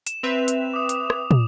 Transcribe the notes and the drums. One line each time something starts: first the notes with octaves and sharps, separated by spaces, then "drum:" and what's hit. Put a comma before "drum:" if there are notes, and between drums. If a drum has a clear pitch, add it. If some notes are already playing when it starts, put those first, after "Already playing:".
E7, drum: hi-hat
C4 B4 E5 F7
drum: hi-hat
D6 D#6
drum: hi-hat
drum: rim click
drum: tom